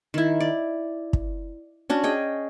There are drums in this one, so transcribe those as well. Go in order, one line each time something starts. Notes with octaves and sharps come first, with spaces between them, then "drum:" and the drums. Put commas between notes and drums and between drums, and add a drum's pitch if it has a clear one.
D#3 E4
D5
drum: kick
C#4 D4 F#4
G#4 D#5 G5